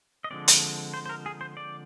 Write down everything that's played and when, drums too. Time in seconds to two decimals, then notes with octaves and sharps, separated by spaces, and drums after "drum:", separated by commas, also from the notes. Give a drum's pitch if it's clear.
0.24 D#5
0.31 D3 F3 G#3 C4 D5
0.48 drum: hi-hat
0.94 C5
1.06 C5
1.09 A#4
1.26 G#4
1.41 C5
1.57 D5